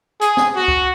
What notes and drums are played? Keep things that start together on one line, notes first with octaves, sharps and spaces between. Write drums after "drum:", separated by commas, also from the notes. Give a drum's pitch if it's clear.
G#4, drum: hi-hat
drum: snare
F#4
drum: kick